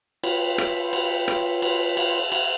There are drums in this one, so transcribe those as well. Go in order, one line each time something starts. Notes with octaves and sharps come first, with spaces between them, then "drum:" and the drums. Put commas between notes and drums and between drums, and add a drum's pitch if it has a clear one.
F4 B4 C#5 G5 B5 C6, drum: cymbal
drum: rim click
drum: cymbal
drum: rim click
drum: cymbal
drum: cymbal
drum: cymbal